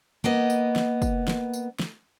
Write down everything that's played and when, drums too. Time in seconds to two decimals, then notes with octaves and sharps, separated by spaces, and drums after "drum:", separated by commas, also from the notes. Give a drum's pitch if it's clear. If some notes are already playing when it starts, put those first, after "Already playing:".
0.24 A#3 B3 D#5
0.50 drum: tambourine
0.76 drum: snare
1.02 drum: kick, tambourine
1.28 drum: snare
1.54 drum: tambourine
1.79 drum: snare